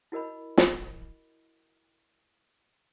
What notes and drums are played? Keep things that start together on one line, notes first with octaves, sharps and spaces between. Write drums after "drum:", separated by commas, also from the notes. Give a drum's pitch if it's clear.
E4 F#4 A#4 D#5 B5
drum: snare